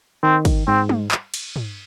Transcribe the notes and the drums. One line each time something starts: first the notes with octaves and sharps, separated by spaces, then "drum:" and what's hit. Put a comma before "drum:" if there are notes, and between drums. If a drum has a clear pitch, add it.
D#3 C4
drum: kick, cymbal
G#2 C4
drum: tom
drum: clap
drum: cymbal
drum: tom